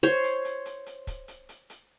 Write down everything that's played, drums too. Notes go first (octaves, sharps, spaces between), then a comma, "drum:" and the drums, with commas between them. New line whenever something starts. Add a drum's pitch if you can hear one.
C5 C#5
drum: hi-hat
drum: hi-hat
drum: hi-hat
drum: hi-hat
drum: kick C#1, hi-hat
drum: hi-hat
drum: hi-hat
drum: hi-hat